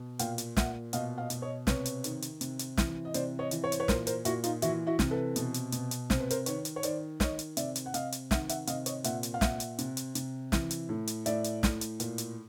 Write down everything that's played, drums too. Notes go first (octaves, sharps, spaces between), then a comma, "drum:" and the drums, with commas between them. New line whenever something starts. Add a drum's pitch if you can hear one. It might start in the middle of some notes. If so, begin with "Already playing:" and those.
Already playing: B2
A#2 F5 G5, drum: hi-hat
drum: hi-hat
A#2 E5 F#5, drum: snare
B2 D#5 F5, drum: hi-hat
D#5 F5
B2, drum: hi-hat
C#5 D#5
C3 B4 C#5, drum: snare
drum: hi-hat
D#3, drum: hi-hat
drum: hi-hat
C3, drum: hi-hat
drum: hi-hat
E3, drum: snare
D#5
C3 C5 D5, drum: hi-hat
C#5 D#5
E3, drum: hi-hat
C#5
C5, drum: hi-hat
B4 C#5
A#2 A#4 C5, drum: snare
A#4 C5, drum: hi-hat
A#2 E4 F#4, drum: hi-hat
D#4 F4, drum: hi-hat
E3 E4 F#4, drum: hi-hat
E4 F#4
C3, drum: snare
A4 B4
B2, drum: hi-hat
drum: hi-hat
B2, drum: hi-hat
drum: hi-hat
C3 C5, drum: snare
B4
A#4 C5, drum: hi-hat
D#3 B4 C#5, drum: hi-hat
drum: hi-hat
C#5
D#3 C5 D5, drum: hi-hat
D#3 C#5 D#5, drum: snare
drum: hi-hat
C3 D5 E5, drum: hi-hat
drum: hi-hat
F#5
C3 D#5 F5, drum: hi-hat
drum: hi-hat
D#3 E5 F#5, drum: snare
E5 F#5, drum: hi-hat
C3 D#5 F5, drum: hi-hat
C#5 D#5, drum: hi-hat
A#2 E5 F#5, drum: hi-hat
drum: hi-hat
F5
A#2 E5 F#5, drum: snare
drum: hi-hat
C3, drum: hi-hat
drum: hi-hat
C3, drum: hi-hat
E3, drum: snare
drum: hi-hat
A2
drum: hi-hat
A2 D5 E5, drum: hi-hat
drum: hi-hat
A2, drum: snare
drum: hi-hat
A#2, drum: hi-hat
drum: hi-hat